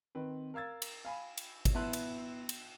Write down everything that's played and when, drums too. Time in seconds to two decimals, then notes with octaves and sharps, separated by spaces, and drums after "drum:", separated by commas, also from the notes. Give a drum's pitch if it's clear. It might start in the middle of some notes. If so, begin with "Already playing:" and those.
0.15 D#3 C4 B4
0.54 A#4 F5 E6 G#6 A6
0.82 drum: cymbal
1.05 F5 G#5 B5
1.38 drum: cymbal
1.65 drum: kick G#1, cymbal
1.74 B3 E4 E5 A5 C6 F#6
1.93 drum: cymbal
2.49 drum: cymbal